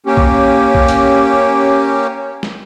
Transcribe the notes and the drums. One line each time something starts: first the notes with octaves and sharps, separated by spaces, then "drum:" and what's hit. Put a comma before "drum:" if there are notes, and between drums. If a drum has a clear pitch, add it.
A#3 C#4 G4
drum: kick B1
drum: kick B1
drum: hi-hat
drum: snare